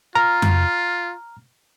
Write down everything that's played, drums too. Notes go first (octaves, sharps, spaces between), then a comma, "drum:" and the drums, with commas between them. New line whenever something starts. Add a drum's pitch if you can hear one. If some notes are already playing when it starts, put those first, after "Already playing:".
F4 A#5 F6
drum: tom F2